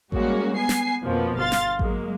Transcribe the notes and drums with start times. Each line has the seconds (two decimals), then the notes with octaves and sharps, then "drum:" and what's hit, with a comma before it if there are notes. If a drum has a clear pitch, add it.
0.12 G3 G#3 A#3 C#4 F#4, drum: kick A1
0.57 B3 G#5 C7
0.69 drum: snare
1.04 F2 B2 F3 A#3 B3
1.38 G1 F5 C6 A6
1.52 drum: snare
1.79 F#3 G#3 A#3, drum: kick A1